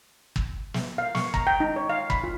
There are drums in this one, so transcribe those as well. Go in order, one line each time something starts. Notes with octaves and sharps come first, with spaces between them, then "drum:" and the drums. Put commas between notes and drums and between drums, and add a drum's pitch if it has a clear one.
drum: kick
drum: snare
F5
C#6, drum: snare
A#5, drum: kick
G5
D#4
C#5
F5
B5, drum: kick
F4